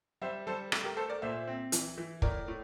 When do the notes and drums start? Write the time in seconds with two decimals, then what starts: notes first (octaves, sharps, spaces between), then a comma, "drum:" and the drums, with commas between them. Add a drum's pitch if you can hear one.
0.21 G3 C5 E5
0.47 G3 A4 C5
0.72 A3, drum: rim click
0.84 G4 A#4
0.97 A3 A4 C5
1.09 A#4 D5
1.22 A#2 C5 E5
1.47 C4
1.72 E3, drum: hi-hat
1.98 E3
2.22 A2 A#4 D5, drum: kick
2.48 A2